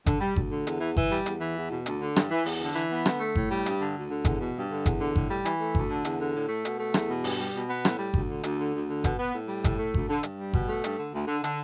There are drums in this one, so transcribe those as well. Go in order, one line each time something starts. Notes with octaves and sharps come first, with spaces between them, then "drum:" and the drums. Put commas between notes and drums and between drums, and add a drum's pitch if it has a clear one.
D3, drum: kick G1, hi-hat
G3
D2, drum: kick G1
D3
E2, drum: hi-hat
E3
E3, drum: kick G1
G3
E2, drum: hi-hat
E3
E2
B2
D2, drum: hi-hat
D3
G2, drum: rim click
E3
E2, drum: open hi-hat
D3
E3
B3
D3, drum: rim click
A3
A2, drum: kick G1
G3
G2, drum: hi-hat
D3
D2
D3
E2, drum: kick G1, hi-hat
B2
G2
D3
E2, drum: kick G1, hi-hat
D3
A2, drum: kick G1
G3
E3, drum: hi-hat
A3
D2, drum: kick G1
D3
E2, drum: hi-hat
D3
A2
A3
B2, drum: hi-hat
A3
E2, drum: rim click
B2
G2, drum: open hi-hat
G3
B2
B3
A2, drum: rim click
G3
D2, drum: kick G1
D3
D2, drum: hi-hat
D3
D2
D3
B2, drum: kick G1, hi-hat
B3
A2
G3
A2, drum: kick G1, hi-hat
A3
D2, drum: kick G1
D3
G2, drum: hi-hat
G3
B2, drum: kick G1
A3
G2, drum: hi-hat
D3
D2
D3
D3, drum: hi-hat